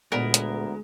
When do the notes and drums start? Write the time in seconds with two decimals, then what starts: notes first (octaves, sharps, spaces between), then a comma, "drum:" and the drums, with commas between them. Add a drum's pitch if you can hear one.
0.12 D2 A#2 G#3 B3 A#4
0.34 drum: hi-hat